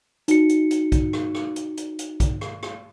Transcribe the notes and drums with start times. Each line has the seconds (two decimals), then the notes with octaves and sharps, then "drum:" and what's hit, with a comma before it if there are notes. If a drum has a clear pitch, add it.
0.28 D#4 F#4 C#7, drum: hi-hat
0.49 drum: hi-hat
0.71 drum: hi-hat
0.92 drum: kick, hi-hat
1.13 drum: rim click
1.35 drum: rim click
1.56 drum: hi-hat
1.77 drum: hi-hat
1.99 drum: hi-hat
2.20 drum: kick, hi-hat
2.41 drum: rim click
2.63 drum: rim click